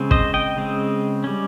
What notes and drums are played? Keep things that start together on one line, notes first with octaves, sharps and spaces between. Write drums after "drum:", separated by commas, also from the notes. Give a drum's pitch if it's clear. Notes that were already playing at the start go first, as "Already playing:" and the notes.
Already playing: C#3 G#3 C4
C5 D#5, drum: kick
D#5 G5
C#3 G#3 C4
G3 C#4